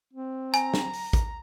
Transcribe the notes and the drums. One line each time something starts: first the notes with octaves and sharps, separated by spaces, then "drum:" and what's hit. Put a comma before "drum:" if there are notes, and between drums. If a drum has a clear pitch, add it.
C4
G#5 A#5, drum: hi-hat
drum: snare
drum: open hi-hat
drum: kick, hi-hat